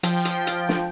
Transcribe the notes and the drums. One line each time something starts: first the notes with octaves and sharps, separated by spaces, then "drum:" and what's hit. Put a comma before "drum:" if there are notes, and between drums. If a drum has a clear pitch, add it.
F3 G5, drum: hi-hat
drum: hi-hat
drum: hi-hat
drum: snare